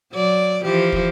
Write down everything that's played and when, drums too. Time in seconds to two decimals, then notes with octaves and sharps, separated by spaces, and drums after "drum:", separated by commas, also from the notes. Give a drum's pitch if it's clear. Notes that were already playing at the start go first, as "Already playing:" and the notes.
0.13 F#3 D5
0.62 E3 F3 G4
0.92 drum: kick